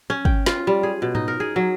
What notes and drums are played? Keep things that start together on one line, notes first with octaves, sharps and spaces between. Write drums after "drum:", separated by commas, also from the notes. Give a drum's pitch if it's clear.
C#4
G5, drum: kick
F4, drum: snare
G3
G#4
B2
D#4, drum: tom G#2
A#4
G#4
F#3